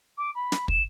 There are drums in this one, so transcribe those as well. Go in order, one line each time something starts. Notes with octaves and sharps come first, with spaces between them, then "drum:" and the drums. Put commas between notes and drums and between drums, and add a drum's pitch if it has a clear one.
D6
B5
drum: snare
E7, drum: kick